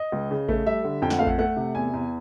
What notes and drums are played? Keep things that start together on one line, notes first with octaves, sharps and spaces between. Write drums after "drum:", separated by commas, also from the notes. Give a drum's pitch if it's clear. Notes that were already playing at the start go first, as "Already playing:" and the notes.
Already playing: D#5
C#2
C#3
A3, drum: kick A1
G3 E5
D3
F2 G5
F#5, drum: snare
A3 F5
F#5, drum: kick A1
A3 F#5
C3
E2 G#5
E2